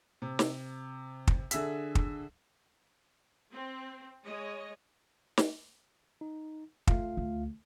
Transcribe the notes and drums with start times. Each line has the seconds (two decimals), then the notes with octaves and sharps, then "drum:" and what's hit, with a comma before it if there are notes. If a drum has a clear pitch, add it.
0.22 C3
0.39 drum: snare
1.27 drum: kick
1.51 D3 G#4 E5 E6 B6, drum: hi-hat
1.95 drum: kick
3.52 C4
4.25 G#3 C#5 D#5
5.38 drum: snare
6.21 D#4
6.87 A3 F4 F5, drum: kick
7.17 D2